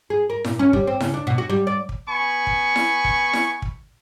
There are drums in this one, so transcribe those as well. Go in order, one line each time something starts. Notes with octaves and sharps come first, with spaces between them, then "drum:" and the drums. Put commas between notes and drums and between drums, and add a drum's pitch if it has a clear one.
G#4
A#4
A#2, drum: snare E4
C#4
G3, drum: kick
C4
C#3, drum: snare E4
D4
B2
F#4
G3
D5
drum: kick
B3 G#5 B5 C#6
drum: kick
drum: snare E4
drum: kick
drum: snare E4
drum: kick